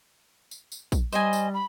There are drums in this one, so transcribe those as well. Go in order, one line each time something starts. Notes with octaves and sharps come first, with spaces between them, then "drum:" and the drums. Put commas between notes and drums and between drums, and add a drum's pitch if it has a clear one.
drum: tambourine
drum: tambourine
drum: kick A#1, tambourine
G3 C5 D#5 G#5, drum: tambourine
drum: tambourine
B5